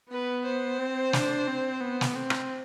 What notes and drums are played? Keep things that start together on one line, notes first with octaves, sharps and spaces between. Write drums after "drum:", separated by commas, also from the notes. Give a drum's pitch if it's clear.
B3 B4
C5
C4
D4, drum: snare
C4
B3
drum: snare
C4
drum: rim click